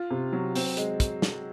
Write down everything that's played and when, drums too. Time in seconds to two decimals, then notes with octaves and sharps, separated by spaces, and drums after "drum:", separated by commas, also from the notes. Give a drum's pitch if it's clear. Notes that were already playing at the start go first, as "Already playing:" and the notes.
Already playing: F4
0.10 C3
0.33 F#3
0.55 C4, drum: open hi-hat
0.77 G#3, drum: hi-hat
1.00 drum: kick, hi-hat
1.22 drum: snare